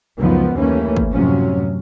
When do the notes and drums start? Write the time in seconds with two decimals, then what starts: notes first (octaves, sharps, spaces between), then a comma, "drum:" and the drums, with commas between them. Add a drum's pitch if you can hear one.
0.18 C#2 F#2 D#3 F3 F#3 B3
0.56 D#2 E3 A3 A#3 C#4
0.96 drum: kick
1.12 F#2 A2 C3 F3 F#3 C#4